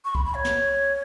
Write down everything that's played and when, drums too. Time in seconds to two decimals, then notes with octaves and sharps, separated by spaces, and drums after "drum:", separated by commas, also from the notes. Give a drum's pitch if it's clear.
0.05 C#6
0.15 B5, drum: kick C2
0.25 B5
0.35 C#5
0.45 drum: snare